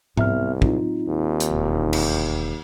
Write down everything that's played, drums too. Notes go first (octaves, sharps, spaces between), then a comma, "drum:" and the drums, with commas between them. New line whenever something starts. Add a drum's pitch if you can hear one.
C2 B3 C4 E5 F6, drum: tom G#2
A2 F#3 C4 D#4 F4, drum: kick
D#2
drum: hi-hat
E1
drum: cymbal